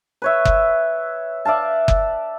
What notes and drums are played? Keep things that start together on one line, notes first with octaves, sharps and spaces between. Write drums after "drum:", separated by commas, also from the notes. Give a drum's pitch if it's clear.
B4 C#5 E5
drum: kick F#1
D5 E5 F5 A5
drum: kick F#1